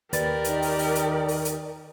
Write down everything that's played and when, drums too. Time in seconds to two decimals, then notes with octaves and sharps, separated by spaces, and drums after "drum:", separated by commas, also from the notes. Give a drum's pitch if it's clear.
0.13 D#2 G4 A#4 B4 D5 A6, drum: hi-hat
0.44 D#3, drum: hi-hat
0.62 drum: open hi-hat
0.79 drum: open hi-hat
0.95 drum: hi-hat
1.28 drum: open hi-hat
1.45 drum: hi-hat